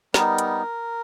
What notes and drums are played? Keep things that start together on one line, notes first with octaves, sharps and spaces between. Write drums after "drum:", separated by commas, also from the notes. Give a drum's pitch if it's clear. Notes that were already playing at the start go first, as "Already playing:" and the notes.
G3 B3 D#4 A#4, drum: snare
drum: hi-hat